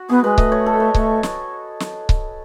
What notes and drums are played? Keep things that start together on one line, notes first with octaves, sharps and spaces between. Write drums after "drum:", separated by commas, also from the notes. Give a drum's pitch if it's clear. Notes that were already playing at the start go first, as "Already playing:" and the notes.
Already playing: F#4
B3 G#4
G#3 B4
A3 D#5, drum: kick C#1
C#5
A4
B4
A3 C#5, drum: kick C#1
drum: snare
drum: snare
drum: kick C#1